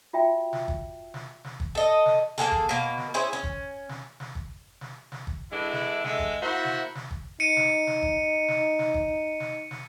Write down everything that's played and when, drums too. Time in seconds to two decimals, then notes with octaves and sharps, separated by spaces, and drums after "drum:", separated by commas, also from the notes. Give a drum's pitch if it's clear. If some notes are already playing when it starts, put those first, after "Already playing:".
0.13 F4 F#4 E5 G5 A5
0.53 drum: snare
0.68 drum: kick
1.14 drum: snare
1.44 drum: snare
1.60 drum: kick
1.75 A4 D#5
2.06 drum: snare
2.38 A#3 B3 G#4 A4, drum: snare
2.52 drum: kick
2.69 B2 A#3
2.98 drum: snare
3.14 C#4 E4 G#4 C5
3.33 C#4
3.43 drum: kick
3.89 drum: snare
4.20 drum: snare
4.35 drum: kick
4.81 drum: snare
5.12 drum: snare
5.27 drum: kick
5.52 D3 E3 G#3 D4 E4
5.73 drum: snare
6.04 D3 G#3 E5, drum: snare
6.19 drum: kick
6.42 A#3 E4 F#4 C5 E5 F#5
6.65 drum: snare
6.95 drum: snare
7.11 drum: kick
7.40 D#4 C#7 D#7
7.57 drum: snare
7.87 drum: snare
8.02 drum: kick
8.48 drum: snare
8.79 drum: snare
8.94 drum: kick
9.40 drum: snare
9.71 drum: snare